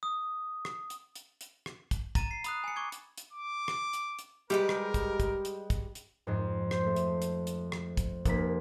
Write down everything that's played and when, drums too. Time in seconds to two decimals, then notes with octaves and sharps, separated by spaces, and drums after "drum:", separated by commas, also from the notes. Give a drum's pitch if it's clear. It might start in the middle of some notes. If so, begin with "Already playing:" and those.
0.03 D#6
0.65 drum: rim click
0.90 drum: hi-hat
1.15 drum: hi-hat
1.41 drum: hi-hat
1.66 drum: rim click
1.91 drum: kick, hi-hat
2.15 A#5 A6 D#7, drum: kick, hi-hat
2.31 C7
2.44 B5 D#6 F#6, drum: hi-hat
2.64 G#5 C#7
2.76 C#6 D6 G#6
2.92 drum: hi-hat
3.18 drum: hi-hat
3.33 D6
3.68 drum: rim click
3.93 drum: hi-hat
4.19 drum: hi-hat
4.50 G3 G#3 G4 A#4 B4
4.69 drum: rim click
4.94 drum: kick, hi-hat
5.20 drum: kick, hi-hat
5.45 drum: hi-hat
5.70 drum: kick, hi-hat
5.95 drum: hi-hat
6.27 F2 G#2
6.71 C5, drum: rim click
6.86 A3
6.96 drum: hi-hat
7.22 drum: hi-hat
7.47 drum: hi-hat
7.72 drum: rim click
7.97 drum: kick, hi-hat
8.26 F1 A#3 B6, drum: kick, hi-hat